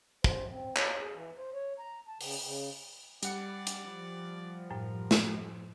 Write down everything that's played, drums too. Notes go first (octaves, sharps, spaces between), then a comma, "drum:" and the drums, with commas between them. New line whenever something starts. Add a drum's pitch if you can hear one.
C5, drum: kick
C4
C#5, drum: clap
G#4
E3
C5
C#5
A#5
A5
C#3, drum: open hi-hat
C#3
G3 D5 F#5 C#7, drum: hi-hat
drum: hi-hat
F3
F#2 A2 A#4
drum: snare